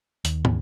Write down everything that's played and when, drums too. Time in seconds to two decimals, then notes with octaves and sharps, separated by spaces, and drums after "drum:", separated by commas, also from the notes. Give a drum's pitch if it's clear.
0.25 D#2, drum: hi-hat
0.45 drum: tom